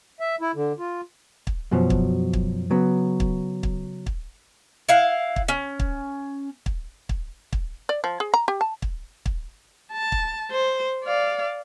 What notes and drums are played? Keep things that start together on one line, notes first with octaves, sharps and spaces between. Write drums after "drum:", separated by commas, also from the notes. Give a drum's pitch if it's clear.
E5
E4
D3
F4
drum: kick
F#2 B2 F3 F#3
drum: kick
drum: kick
C#3 F#3 B3
drum: kick
drum: kick
drum: kick
E4 F5 F#5
drum: kick
C#4
drum: kick
drum: kick
drum: kick
drum: kick
D5
F3
G#4
A#5
G4
A5
drum: kick
drum: kick
A5
drum: kick
C5
D5 F5